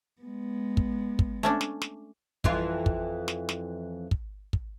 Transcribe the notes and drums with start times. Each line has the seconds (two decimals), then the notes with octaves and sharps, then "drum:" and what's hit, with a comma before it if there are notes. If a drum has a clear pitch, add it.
0.21 G#3 B3
0.77 drum: kick
1.19 drum: kick
1.43 A3 C#4 D4
1.61 drum: snare
1.82 drum: snare
2.44 F2 E3 F4, drum: kick
2.86 drum: kick
3.28 drum: snare
3.49 drum: snare
4.11 drum: kick
4.53 drum: kick